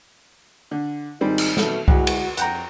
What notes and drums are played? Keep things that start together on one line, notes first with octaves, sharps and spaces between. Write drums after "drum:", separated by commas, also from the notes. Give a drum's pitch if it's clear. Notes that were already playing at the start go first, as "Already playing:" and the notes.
D3
G#1 D#3 G3 C4 D#4 G#4
drum: cymbal
B2 A3, drum: snare
D2 G#3 E4 F#4, drum: kick C2
drum: cymbal
F2 F#5 G5 A#5, drum: hi-hat